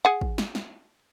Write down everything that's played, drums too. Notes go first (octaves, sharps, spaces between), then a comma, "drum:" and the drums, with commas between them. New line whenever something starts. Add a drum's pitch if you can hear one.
G#4 F#5
drum: kick
drum: snare
drum: snare